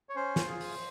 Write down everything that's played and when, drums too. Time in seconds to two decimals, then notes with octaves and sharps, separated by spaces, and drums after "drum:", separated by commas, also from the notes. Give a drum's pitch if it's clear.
0.09 C#5
0.16 C#4 C5
0.36 drum: snare
0.48 F4 G#4
0.61 drum: open hi-hat